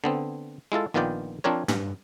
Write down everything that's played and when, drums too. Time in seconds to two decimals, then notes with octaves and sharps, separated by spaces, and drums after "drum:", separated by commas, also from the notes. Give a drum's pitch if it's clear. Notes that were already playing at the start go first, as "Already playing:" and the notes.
0.04 D3 B3 C4
0.72 G#3 E4 F4 A4
0.94 A#1 D#3 B3 F4 D5 G5
1.44 F3 C4 D4 A#4 C#5
1.68 G2, drum: tom